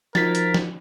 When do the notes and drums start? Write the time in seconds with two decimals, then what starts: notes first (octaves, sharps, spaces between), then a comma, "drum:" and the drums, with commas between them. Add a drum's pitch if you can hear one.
0.15 F3 D#4 F4 F#4 A#4 A6 B6, drum: snare
0.35 drum: hi-hat
0.54 drum: snare